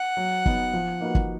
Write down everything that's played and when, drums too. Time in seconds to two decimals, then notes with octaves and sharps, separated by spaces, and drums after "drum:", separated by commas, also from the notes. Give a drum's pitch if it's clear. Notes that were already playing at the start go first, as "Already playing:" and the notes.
Already playing: F#5
0.17 F#3
0.46 B3 D#4, drum: kick F#1
0.74 F3
1.01 A#3 D#4 F#4 B4
1.15 drum: kick F#1